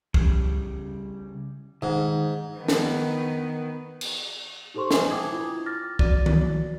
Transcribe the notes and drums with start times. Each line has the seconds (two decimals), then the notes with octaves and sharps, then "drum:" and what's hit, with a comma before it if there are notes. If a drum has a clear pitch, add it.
0.14 C#3 G3, drum: kick C2
1.82 G#2 D#3
2.58 D#3 B3
2.68 drum: snare
4.01 drum: cymbal
4.74 D#4 G4 A4 C5 C6 C#6
4.91 B4 C5 D#5 E5 G#5, drum: snare
5.10 G5 A5 D6 D#6 G#6
5.32 E4 F4
5.66 D6 F6 A6 A#6
5.99 F#4 D5 A6 D#7, drum: kick C2
6.26 drum: tom D#3